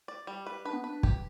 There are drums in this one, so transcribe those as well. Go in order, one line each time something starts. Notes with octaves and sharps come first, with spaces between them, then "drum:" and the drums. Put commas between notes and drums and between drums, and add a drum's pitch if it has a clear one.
D5
G3
B4
D4 B4
B3
D4 B4
G4, drum: kick